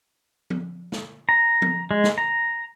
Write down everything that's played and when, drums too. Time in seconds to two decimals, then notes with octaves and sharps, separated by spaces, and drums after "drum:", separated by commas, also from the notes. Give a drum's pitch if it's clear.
0.50 drum: tom F3
0.92 drum: snare
1.29 A#5
1.62 drum: tom F3
1.91 G#3
2.04 drum: snare
2.18 A#5